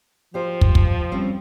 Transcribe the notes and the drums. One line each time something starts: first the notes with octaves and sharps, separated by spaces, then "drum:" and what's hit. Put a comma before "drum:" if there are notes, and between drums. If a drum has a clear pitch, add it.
F3 G4 C5
drum: kick
drum: kick
G3 C4 C#4